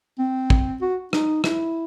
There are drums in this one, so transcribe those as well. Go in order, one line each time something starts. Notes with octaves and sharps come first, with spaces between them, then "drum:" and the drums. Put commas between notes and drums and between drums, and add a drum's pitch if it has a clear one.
C4
drum: kick
F#4
D#4, drum: rim click
E4, drum: rim click